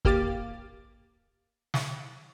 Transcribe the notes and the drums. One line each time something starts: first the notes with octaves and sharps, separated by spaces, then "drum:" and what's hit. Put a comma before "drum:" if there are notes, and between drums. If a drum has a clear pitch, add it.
A1 A#3 G4 F5 D6 A6, drum: kick
drum: snare